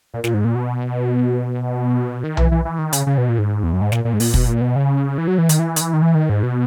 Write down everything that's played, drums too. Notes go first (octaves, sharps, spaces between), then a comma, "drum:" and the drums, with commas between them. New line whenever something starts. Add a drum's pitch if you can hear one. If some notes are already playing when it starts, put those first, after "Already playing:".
A#2
A#2, drum: snare
G#2
A#2
B2
D#3
E3, drum: tom B1
E3
E3
D#3
C#3, drum: hi-hat
C#3
B2
A#2
G#2
E2
F#2
G#2
A#2, drum: snare
A#2
G#2
A#2, drum: open hi-hat
B2, drum: kick
A#2
B2
C#3
E3
F#3
E3
D#3, drum: hi-hat
E3
D#3, drum: hi-hat
E3
D#3
E3
D#3
G#2
B2